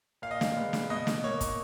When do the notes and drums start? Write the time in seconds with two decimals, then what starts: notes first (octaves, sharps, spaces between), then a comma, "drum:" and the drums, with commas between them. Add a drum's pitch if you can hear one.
0.22 A#2 F5
0.31 D#5
0.41 F5, drum: snare
0.57 G#3 B3
0.73 drum: snare
0.90 B2 D#5
1.07 drum: snare
1.24 A#3 C#5
1.41 drum: kick, hi-hat